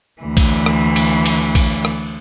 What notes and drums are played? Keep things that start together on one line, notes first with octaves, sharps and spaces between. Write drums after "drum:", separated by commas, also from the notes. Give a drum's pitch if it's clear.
D2 E3
drum: kick A#1, cymbal
drum: rim click
drum: cymbal
drum: cymbal
drum: kick A#1, cymbal
drum: rim click